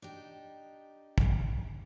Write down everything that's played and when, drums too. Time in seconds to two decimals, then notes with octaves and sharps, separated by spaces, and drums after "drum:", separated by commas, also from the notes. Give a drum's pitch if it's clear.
0.02 D4 D#4 G4
1.18 drum: kick